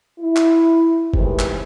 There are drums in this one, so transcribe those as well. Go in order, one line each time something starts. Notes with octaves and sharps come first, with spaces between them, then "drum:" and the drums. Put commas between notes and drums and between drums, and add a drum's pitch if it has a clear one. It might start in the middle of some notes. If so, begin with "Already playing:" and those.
E4
drum: clap
A2 C3 D#3 E3 G#3, drum: kick G1
drum: clap